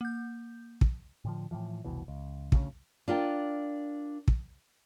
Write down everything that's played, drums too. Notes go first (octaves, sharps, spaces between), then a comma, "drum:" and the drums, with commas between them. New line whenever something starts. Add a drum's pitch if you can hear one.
A#3 G6
drum: kick
A2 D3 F3
A2 C#3 E3 F3
F1 C2 B2 E3
C#2
D2 C#3 G3 C#4, drum: kick
D4 F4 A#4 G5
drum: kick